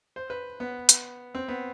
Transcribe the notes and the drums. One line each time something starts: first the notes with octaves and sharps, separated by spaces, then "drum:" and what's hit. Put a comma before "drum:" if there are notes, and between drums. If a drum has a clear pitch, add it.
C5
B4
B3
drum: hi-hat
C4
B3